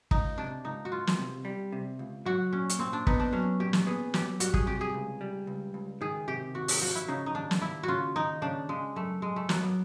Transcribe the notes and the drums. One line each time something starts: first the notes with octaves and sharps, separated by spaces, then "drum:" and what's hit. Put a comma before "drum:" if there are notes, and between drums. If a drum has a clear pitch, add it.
C#2 D#4, drum: kick
C3 D4
C#2 D#4
F#4
C#2 F4
drum: snare
C3
G3
C3
C#2
F#3 F#4
A#2 C#4
drum: hi-hat
A#2 C4
D4
B3 D#4, drum: kick
D4
F#3 C#4
A#2 G4
drum: snare
B3 G#4
F#3 G4, drum: snare
G3 F#4, drum: hi-hat
G#4, drum: kick
C3 G4
G#4
C#2
G3
C#2
C#2
D#3 G#4
C3 G4
D#2 F#4
G4, drum: open hi-hat
F3 F#4
E4
C#3 D#4
D#4
D#2 D4
drum: snare
D#2 E4
C#3 F4 F#4
D#2 D#4
C#3 D4
C#3 G#3
F#2 A3
F#2 G#3
A3
F#3 A#3, drum: snare
B3